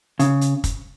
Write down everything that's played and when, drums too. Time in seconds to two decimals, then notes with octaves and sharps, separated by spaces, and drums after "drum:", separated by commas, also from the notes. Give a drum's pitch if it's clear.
0.20 C#3, drum: hi-hat
0.41 drum: hi-hat
0.64 drum: kick, hi-hat